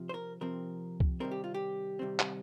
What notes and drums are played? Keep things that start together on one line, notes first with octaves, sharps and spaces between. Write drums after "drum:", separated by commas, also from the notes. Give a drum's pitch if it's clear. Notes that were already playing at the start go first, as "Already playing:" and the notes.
Already playing: C3 F3 C4
C5
A#4
C3 F3 C4 A#4
drum: kick C2
C3 D#3 G3 C4 A#4
G4
F4
G4
C3 D#3 G3 C4
drum: clap